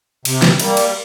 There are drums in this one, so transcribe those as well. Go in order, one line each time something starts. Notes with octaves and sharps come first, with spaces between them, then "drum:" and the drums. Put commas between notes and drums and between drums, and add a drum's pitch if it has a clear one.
C3, drum: cymbal
drum: snare
G3 A#3, drum: cymbal
drum: cymbal